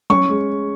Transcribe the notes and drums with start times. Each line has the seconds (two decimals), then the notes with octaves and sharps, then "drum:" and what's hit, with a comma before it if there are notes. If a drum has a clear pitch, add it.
0.10 C#4 C#6, drum: tom F#3
0.29 G#3